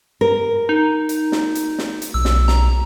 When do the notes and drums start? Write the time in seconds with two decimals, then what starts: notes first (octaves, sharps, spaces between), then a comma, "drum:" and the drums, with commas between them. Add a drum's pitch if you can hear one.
0.21 A#4
0.69 D#4
1.09 drum: hi-hat
1.32 drum: snare
1.55 drum: hi-hat
1.79 drum: snare
2.02 drum: hi-hat
2.14 B1 E6
2.25 drum: snare
2.48 A#5, drum: snare